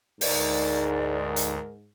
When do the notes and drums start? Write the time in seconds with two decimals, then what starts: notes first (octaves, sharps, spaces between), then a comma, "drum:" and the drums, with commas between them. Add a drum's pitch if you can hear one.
0.21 D2 G#2 A#4 D5, drum: open hi-hat
1.36 drum: hi-hat